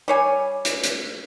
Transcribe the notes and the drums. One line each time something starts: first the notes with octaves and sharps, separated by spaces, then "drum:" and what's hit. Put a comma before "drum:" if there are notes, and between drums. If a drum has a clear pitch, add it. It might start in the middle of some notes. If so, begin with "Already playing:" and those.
G3 C#5 G#5
drum: hi-hat
drum: hi-hat